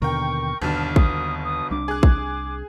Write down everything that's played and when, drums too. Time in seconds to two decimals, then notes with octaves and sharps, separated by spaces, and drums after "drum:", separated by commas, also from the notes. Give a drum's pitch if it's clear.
0.02 D#2 B2 D3 A#4 G5 C#6
0.62 G1 D#2 B2 D3 A5 F6
0.96 D#6, drum: kick
1.45 D#6
1.71 C2 D4 D6
1.88 G#4 F#6
2.03 drum: kick